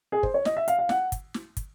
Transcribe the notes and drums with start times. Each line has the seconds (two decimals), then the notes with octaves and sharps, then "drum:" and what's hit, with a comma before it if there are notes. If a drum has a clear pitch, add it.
0.12 G#4
0.23 C5, drum: kick
0.34 C#5
0.45 D#5, drum: snare
0.57 E5
0.68 F5, drum: hi-hat
0.79 F5
0.89 F#5, drum: snare
1.12 drum: kick, hi-hat
1.34 drum: snare
1.57 drum: kick, hi-hat